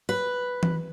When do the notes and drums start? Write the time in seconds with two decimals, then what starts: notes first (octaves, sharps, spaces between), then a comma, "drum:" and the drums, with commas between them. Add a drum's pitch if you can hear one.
0.09 B4
0.63 drum: tom E3